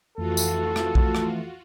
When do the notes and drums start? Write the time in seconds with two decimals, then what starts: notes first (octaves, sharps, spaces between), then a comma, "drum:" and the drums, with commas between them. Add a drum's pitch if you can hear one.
0.18 F2 E3 A3 F4 F#4 A4
0.37 drum: tambourine
0.76 drum: rim click
0.95 drum: kick B1
1.15 drum: rim click